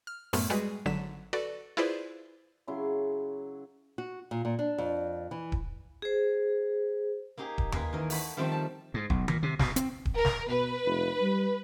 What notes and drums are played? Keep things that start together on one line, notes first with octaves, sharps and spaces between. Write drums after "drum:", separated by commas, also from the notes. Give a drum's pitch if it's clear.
F6
F#2 A2 A3 B3 C6 F6, drum: open hi-hat
G3 G#3 F#4 G#4 B4
G#1 D3 F#3 B6 E7
F#4 A4 B4 D5
E4 F4 G#4 B4 C5 D5
C#3 F#3 E4 C6
F#4
A#2
A#2
D4
F2
E3
drum: kick D#1
G#4 C5
A#3 D#4 G4 G#4
drum: kick D#1
A#3 G#4 A#4 B4 C6, drum: tom D#2
D#3 E3 A#4
A3 F#4 B5, drum: open hi-hat
D#3 F3 G3 A3 C4
A5
G#2
B1, drum: kick D#1
A#2, drum: tom D#3
C3
B2, drum: snare
C4, drum: hi-hat
drum: kick D#1
A#4
drum: snare
B2 B4
F1
G3